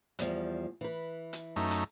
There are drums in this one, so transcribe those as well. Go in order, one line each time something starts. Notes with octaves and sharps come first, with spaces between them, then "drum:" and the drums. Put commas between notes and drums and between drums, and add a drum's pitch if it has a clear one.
E2 F3 G3, drum: hi-hat
E3 B4
drum: hi-hat
F#2 A3 D#4
drum: hi-hat